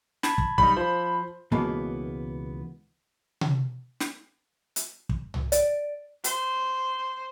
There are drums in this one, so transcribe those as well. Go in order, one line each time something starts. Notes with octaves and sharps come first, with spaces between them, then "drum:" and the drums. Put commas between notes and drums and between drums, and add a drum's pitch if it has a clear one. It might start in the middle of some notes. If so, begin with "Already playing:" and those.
A5 B5 G#6, drum: snare
drum: kick
B1 G3 D#4 B5, drum: kick
F3 C5
C#2 B2 E3 G#3 A#3 B3
drum: tom C3
drum: snare
drum: hi-hat
drum: kick
drum: tom C2
D5, drum: hi-hat
C5, drum: hi-hat